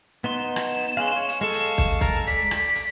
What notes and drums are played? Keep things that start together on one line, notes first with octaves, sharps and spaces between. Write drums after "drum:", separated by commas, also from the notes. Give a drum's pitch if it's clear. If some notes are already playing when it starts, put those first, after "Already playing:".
B3 D#4 C6 E7
drum: rim click
G#3 C#4 F5 C6 F#6
C#5
drum: hi-hat
G#3 A4 F5 C#6
drum: hi-hat
drum: kick, hi-hat
A#4 A5 A#5, drum: kick, hi-hat
D5 B6, drum: hi-hat
drum: rim click
drum: hi-hat